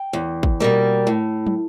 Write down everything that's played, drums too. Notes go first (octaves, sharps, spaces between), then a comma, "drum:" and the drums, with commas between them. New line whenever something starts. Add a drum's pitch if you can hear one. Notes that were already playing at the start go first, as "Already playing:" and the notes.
Already playing: G5
E2
drum: kick
B2 G3 A#3
A2
drum: tom